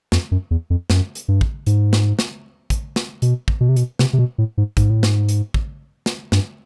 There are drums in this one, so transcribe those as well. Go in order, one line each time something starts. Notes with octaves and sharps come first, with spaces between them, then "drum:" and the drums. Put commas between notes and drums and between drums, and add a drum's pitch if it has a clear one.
F2, drum: snare
F#2
E2
F2
F#2, drum: snare
drum: hi-hat
G2
drum: kick
G#2, drum: hi-hat
drum: snare
drum: snare
drum: kick, hi-hat
drum: snare
B2, drum: hi-hat
drum: kick
B2
C3
B2, drum: hi-hat
C3, drum: snare
C3
B2
A2
G#2
G#2, drum: kick, hi-hat
A2
G#2, drum: snare
drum: hi-hat
drum: kick
drum: snare
G2, drum: snare